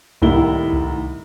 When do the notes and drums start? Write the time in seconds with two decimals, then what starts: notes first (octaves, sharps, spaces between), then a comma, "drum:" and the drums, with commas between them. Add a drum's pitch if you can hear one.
0.22 C2 A2 D#3 E4 G7, drum: kick C2
0.73 drum: kick C2